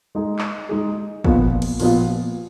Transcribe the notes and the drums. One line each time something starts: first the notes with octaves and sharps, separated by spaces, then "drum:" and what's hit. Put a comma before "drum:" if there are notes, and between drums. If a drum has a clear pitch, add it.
G#3 D#4 G#4
drum: clap
G#3 D#4 G#4
A#2 F3 B3 F4, drum: kick
drum: cymbal
A#2 F3 B3 F4, drum: open hi-hat